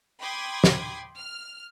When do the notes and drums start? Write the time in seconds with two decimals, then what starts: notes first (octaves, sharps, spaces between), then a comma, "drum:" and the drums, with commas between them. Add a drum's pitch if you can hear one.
0.19 G5 B5 C6 D6 D#6 G#6
0.64 drum: snare
1.17 F6